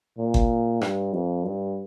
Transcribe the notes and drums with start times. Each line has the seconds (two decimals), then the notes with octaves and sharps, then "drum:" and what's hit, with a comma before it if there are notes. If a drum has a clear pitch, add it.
0.18 A#2
0.34 drum: kick G1
0.81 G2, drum: rim click
1.13 F2
1.44 G2